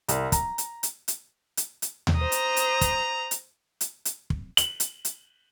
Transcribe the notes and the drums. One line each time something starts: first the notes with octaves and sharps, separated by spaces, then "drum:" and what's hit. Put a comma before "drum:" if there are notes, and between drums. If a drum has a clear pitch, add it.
C2, drum: hi-hat
A#5, drum: kick, hi-hat
drum: hi-hat
drum: hi-hat
drum: hi-hat
drum: hi-hat
drum: hi-hat
drum: tom D#2
C5 A#5 D#6
drum: hi-hat
drum: hi-hat
drum: kick, hi-hat
drum: hi-hat
drum: hi-hat
drum: hi-hat
drum: kick
F#7, drum: hi-hat
drum: hi-hat
drum: hi-hat